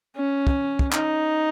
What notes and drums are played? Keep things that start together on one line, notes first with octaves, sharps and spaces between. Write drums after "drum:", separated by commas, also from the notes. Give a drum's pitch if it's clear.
C#4
drum: kick
drum: kick
D#4, drum: clap